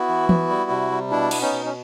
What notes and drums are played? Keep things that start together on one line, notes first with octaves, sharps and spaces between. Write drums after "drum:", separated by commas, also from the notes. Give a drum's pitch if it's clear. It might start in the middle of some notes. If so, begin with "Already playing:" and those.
Already playing: B3 E4 F#4
E3
B3, drum: tom E3
G3
C3
G3
B2 D4 E4
B3, drum: cymbal
C#4 D#4
B2
C#4